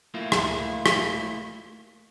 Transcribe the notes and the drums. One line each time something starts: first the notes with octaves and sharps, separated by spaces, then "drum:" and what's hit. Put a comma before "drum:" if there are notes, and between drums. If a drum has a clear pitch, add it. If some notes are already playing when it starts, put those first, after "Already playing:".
A3 A#3 E4 F4
drum: rim click
drum: rim click